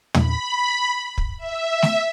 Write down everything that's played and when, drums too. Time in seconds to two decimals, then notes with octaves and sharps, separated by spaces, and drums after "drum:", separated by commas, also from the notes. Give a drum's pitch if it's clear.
0.14 B5, drum: tom
1.18 drum: kick
1.37 E5
1.82 drum: snare